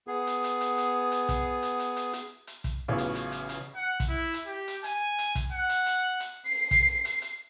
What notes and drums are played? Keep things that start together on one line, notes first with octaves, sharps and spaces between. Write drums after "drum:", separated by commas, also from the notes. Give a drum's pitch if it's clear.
B3 G#4
drum: hi-hat
drum: hi-hat
drum: hi-hat
drum: hi-hat
drum: hi-hat
drum: kick, hi-hat
drum: hi-hat
drum: hi-hat
drum: hi-hat
drum: hi-hat
drum: hi-hat
drum: kick, hi-hat
A1 C#3 F#3 B3 F4 C#5
drum: hi-hat
drum: hi-hat
drum: hi-hat
drum: hi-hat
F#5
drum: kick, hi-hat
E4
drum: hi-hat
G4
drum: hi-hat
G#5, drum: hi-hat
drum: hi-hat
drum: kick, hi-hat
F#5
drum: hi-hat
drum: hi-hat
drum: hi-hat
C7
drum: kick, hi-hat
drum: hi-hat
drum: hi-hat